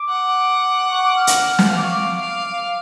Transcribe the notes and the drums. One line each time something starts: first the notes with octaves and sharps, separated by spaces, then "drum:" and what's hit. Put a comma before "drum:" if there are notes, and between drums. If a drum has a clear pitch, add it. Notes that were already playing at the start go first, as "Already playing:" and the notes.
Already playing: D6
F#5
C#6
D6
F6
drum: hi-hat
drum: snare
F5 F6
D6
C#6
D6
F5